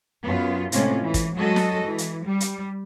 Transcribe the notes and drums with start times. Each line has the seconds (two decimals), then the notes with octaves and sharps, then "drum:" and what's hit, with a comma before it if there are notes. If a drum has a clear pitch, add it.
0.25 F#2 B3 F4
0.72 A2 C3 G#3 C4 C#4 F4, drum: hi-hat
1.02 E3
1.14 drum: kick, hi-hat
1.36 F#3 G#3 F#4 A4 D#5
1.56 drum: snare
1.86 E3
1.98 drum: hi-hat
2.27 G3
2.40 drum: hi-hat